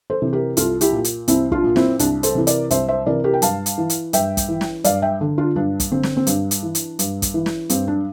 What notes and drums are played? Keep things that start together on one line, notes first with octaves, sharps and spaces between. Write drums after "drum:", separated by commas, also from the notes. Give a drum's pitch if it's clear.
A4 C5
C3 E3
G4 A#4
C2 F4 A4, drum: hi-hat
E4 G4, drum: hi-hat
A#2
drum: hi-hat
C2 C4 E4, drum: hi-hat
D4 F4, drum: kick
A#2
C4 E4, drum: snare
C2 D4, drum: hi-hat
A4 C5, drum: hi-hat
C3 E3
A#4 D5, drum: hi-hat
C2 C5 E5, drum: hi-hat
C5 E5
C3 E3 A#4 D5
G4 A#4
G5
G2 F5 A5, drum: hi-hat
drum: hi-hat
E3
drum: hi-hat
G2 E5 G5, drum: hi-hat
drum: kick, hi-hat
E3
drum: snare
G2 D5 F5, drum: hi-hat
E5 G5
D3
D4 F4
G2 D4
drum: kick, hi-hat
D3 C4
drum: snare
C4
G2 D4, drum: hi-hat
drum: hi-hat
E3
drum: hi-hat
G2, drum: hi-hat
drum: kick, hi-hat
E3
drum: snare
G2 C4, drum: hi-hat
D4